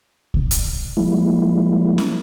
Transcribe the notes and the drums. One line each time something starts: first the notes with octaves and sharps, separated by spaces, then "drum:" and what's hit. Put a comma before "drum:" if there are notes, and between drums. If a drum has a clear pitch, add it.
drum: kick C2
drum: hi-hat
F3 G3 G#3 A#3 E4
drum: snare C#4